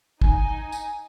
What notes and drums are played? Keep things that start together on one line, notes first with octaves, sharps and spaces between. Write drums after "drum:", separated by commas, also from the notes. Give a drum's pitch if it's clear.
D#4 G#5, drum: kick
drum: tambourine